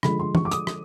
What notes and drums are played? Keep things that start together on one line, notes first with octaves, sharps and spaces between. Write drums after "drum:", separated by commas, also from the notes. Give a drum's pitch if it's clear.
D3 F3 G#3 B5, drum: rim click
C6
C#6, drum: tom
D6
D#6, drum: hi-hat
drum: rim click